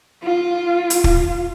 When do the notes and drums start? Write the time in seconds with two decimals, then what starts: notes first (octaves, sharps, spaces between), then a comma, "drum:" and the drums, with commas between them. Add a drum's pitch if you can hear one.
0.23 F4
0.90 drum: hi-hat
1.04 F4, drum: kick